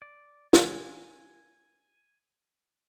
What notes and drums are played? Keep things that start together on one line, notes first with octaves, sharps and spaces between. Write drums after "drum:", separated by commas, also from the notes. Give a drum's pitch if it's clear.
D5
G#5, drum: snare